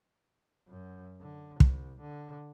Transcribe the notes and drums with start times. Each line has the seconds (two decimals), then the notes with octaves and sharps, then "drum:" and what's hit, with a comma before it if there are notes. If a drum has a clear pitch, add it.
0.68 F#2
1.21 D3
1.60 C2, drum: kick
2.01 D3